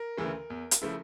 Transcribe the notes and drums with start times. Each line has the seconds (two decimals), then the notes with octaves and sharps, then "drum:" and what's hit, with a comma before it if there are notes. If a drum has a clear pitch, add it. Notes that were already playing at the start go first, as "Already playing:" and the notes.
Already playing: A#4
0.18 D2 C#3 E3 A3
0.50 E2
0.71 drum: hi-hat
0.82 C#3 F3 A3 E4